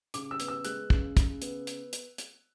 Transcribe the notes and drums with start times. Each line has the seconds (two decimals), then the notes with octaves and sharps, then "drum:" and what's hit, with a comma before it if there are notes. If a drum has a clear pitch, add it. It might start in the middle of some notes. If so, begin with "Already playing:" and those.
0.14 C#3 D6, drum: hi-hat
0.31 E6
0.40 B3, drum: hi-hat
0.48 E6
0.65 G#3 F#6, drum: hi-hat
0.90 C#3, drum: kick
1.17 C#3, drum: kick, hi-hat
1.42 B3, drum: hi-hat
1.67 drum: hi-hat
1.93 drum: hi-hat
2.18 drum: hi-hat